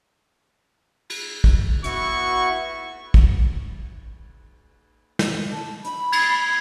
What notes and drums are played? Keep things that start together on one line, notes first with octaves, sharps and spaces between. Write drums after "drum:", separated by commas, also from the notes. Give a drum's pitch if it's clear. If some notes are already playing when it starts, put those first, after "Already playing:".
drum: cymbal
drum: kick
B3 E4 F#4 C#6, drum: hi-hat
drum: kick
drum: snare
A5
B5, drum: hi-hat
G#6 A6, drum: cymbal